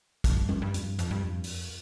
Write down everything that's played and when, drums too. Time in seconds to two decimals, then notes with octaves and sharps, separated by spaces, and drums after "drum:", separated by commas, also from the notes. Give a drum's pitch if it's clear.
0.24 F2, drum: kick, hi-hat
0.36 G2
0.49 F2, drum: tom G3
0.62 G2
0.74 F2, drum: hi-hat
0.86 G2
0.99 F2, drum: hi-hat
1.11 G2
1.24 F2
1.44 drum: open hi-hat